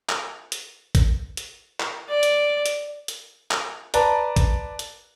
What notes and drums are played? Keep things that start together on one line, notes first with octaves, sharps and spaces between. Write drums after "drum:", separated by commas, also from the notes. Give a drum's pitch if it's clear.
drum: clap
drum: hi-hat
drum: kick, hi-hat
drum: hi-hat
drum: clap
D5
drum: hi-hat
drum: hi-hat
drum: hi-hat
drum: clap
B4 D5 A5 A#5, drum: hi-hat
drum: kick, hi-hat
drum: hi-hat